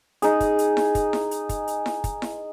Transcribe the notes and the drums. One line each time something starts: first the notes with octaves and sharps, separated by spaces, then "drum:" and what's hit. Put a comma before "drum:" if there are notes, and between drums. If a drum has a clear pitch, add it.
D#4 G#4, drum: hi-hat
drum: kick, hi-hat
drum: hi-hat
drum: snare E4
drum: kick, hi-hat
drum: snare E4
drum: hi-hat
drum: kick, hi-hat
drum: hi-hat
drum: snare E4
drum: kick, hi-hat
drum: snare E4